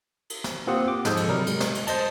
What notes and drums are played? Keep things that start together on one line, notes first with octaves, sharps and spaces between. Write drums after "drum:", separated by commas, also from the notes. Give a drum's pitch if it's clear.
drum: cymbal
drum: snare
A#3 C4 F4 G4 F#5 D#6
D6
G#2 F3 G#3 A4 D#6 G6, drum: snare
drum: cymbal
C3 F#3 G3 A#4
G#3, drum: cymbal
drum: snare
drum: cymbal
C5 D#5 A5, drum: cymbal